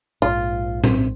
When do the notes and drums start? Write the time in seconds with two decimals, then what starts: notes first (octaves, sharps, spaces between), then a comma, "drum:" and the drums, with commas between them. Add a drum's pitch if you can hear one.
0.22 A#1 G#2 F4
0.84 C4, drum: tom A2